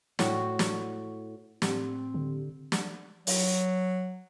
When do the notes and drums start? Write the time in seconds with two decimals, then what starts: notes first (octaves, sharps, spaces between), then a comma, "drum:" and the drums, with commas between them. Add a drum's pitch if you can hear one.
0.19 A2 F#4, drum: snare
0.59 drum: snare
1.62 A2 C4 G4, drum: snare
2.14 D3
2.72 drum: snare
3.27 F#3, drum: open hi-hat